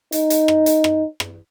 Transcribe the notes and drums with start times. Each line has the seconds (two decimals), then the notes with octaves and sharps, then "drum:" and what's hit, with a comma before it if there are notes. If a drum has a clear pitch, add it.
0.12 D#4, drum: hi-hat
0.30 drum: hi-hat
0.48 drum: rim click
0.66 drum: hi-hat
0.84 drum: rim click
1.20 drum: rim click